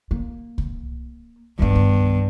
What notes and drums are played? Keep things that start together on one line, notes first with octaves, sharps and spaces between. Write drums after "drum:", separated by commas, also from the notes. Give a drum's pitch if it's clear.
A#3
drum: kick C2
G2 D#3 B3
drum: kick C2